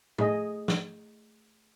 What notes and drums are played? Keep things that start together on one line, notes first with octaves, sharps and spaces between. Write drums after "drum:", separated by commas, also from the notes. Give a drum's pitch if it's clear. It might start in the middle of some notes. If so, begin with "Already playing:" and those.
A3 G#4 D#5, drum: tom
drum: snare